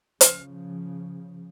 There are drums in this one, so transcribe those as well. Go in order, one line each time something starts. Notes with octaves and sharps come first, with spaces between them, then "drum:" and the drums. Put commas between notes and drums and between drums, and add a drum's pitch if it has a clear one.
C#3 F3, drum: hi-hat